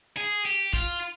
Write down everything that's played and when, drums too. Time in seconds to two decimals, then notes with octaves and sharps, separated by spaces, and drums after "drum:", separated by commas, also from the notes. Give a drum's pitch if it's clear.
0.17 G#4
0.45 G4
0.73 F4, drum: kick